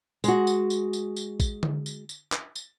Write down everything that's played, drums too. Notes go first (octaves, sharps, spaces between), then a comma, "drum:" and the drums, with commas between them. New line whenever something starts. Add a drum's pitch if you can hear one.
G#3 F#4, drum: tambourine
drum: tambourine
drum: tambourine
drum: tambourine
drum: tambourine
drum: kick A1, tambourine
drum: tom D3
drum: tambourine
drum: tambourine
drum: clap
drum: tambourine